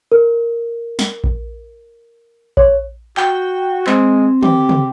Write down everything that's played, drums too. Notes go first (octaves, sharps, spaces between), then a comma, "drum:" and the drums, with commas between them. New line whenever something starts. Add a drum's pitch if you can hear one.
A#4
drum: snare
drum: kick A#1
C#5, drum: kick A#1
F#4 G5, drum: clap
G#3 C4, drum: clap
G4, drum: tom
drum: tom